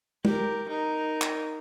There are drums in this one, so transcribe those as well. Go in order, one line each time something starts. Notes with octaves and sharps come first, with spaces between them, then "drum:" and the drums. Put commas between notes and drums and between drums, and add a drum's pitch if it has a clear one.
G4 A#4, drum: tom
D#4 A#4
drum: clap